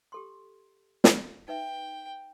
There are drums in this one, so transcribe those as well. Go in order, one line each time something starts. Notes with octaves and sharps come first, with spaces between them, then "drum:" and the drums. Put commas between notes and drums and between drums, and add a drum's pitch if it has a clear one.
G4 A4 C6
drum: snare
D#4 B4 E5 G5